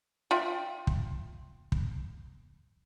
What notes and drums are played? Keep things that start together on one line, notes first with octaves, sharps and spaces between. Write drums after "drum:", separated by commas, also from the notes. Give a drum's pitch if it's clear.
F4 E5 G5
drum: kick
drum: kick